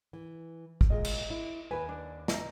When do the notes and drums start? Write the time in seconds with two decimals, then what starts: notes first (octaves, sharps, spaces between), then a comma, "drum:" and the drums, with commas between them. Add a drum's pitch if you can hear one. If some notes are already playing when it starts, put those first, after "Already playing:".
0.13 E3
0.81 drum: kick
0.90 A#2 G#3 D#5
1.05 drum: cymbal
1.30 E4
1.71 D#2 B4 G#5
1.89 D4
2.28 D#5 A#5, drum: snare